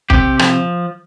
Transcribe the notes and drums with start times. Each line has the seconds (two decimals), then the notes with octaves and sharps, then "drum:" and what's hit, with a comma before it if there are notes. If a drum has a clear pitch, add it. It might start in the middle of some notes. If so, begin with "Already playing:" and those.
0.10 C3 G4, drum: kick
0.39 F3, drum: rim click